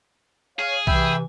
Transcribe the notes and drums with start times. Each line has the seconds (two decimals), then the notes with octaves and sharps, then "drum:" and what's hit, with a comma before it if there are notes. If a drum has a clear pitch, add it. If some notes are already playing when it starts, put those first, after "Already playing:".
0.59 G#4 C#5 F5
0.87 C3 E3 E5 G5 B5, drum: kick B1